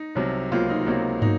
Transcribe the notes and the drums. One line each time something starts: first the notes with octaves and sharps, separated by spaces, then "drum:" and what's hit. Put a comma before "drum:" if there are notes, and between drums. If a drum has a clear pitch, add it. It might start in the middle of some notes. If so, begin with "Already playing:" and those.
Already playing: D#4
C2 C3 F#3
C#2 C3 F#3 A#3 F4
D#4
C#2 C3 F#3 A#3
F#3 A#3 D#4, drum: tom